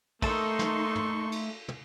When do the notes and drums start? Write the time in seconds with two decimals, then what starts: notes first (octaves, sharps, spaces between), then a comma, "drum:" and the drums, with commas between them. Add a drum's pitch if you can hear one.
0.22 A3 A#3 D#4 A4 A5 C6 C#6 E6, drum: kick, cymbal
0.59 drum: snare
0.95 drum: tom
1.32 drum: cymbal
1.68 drum: tom